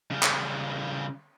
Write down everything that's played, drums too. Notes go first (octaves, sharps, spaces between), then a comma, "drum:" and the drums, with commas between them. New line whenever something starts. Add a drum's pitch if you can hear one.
C#3 G3
drum: clap